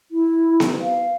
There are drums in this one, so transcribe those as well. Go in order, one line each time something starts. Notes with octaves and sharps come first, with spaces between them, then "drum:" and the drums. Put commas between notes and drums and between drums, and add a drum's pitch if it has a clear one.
E4
drum: snare B3
F5